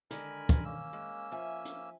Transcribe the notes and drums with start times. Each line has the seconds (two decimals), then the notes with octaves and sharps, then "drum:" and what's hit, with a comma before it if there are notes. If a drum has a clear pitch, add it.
0.11 D3 D#3 G#3 A#4 G#5 B5, drum: hi-hat
0.49 drum: kick, hi-hat
0.65 A#3 C#4 E6
0.93 G#3
1.32 F3 E5 G#5
1.65 drum: hi-hat